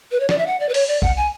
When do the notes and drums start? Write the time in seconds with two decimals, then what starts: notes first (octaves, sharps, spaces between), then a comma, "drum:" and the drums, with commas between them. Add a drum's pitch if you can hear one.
0.12 B4
0.20 C#5
0.29 D5, drum: snare
0.38 E5
0.47 F#5
0.60 D5
0.69 B4
0.74 C#5, drum: open hi-hat
0.88 D5
1.02 F#5, drum: kick
1.17 G#5